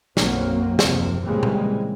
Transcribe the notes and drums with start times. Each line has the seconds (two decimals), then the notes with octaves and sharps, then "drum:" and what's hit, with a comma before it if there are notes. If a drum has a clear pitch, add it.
0.17 B1 F#2 F#3 A#3 C4, drum: snare
0.79 F#1 D#2 C3 F3, drum: snare
1.23 A#2 C#3 E3 G3 G#3 C4
1.43 drum: tom